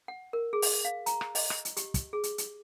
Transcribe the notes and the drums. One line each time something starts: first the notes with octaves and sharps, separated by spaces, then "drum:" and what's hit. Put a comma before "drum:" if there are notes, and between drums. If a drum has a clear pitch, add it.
F#5
A#4
G#4
drum: open hi-hat
F5
A#5, drum: hi-hat
drum: rim click
D#5, drum: open hi-hat
drum: rim click
drum: hi-hat
G4, drum: hi-hat
drum: kick, hi-hat
G#4
drum: hi-hat
drum: hi-hat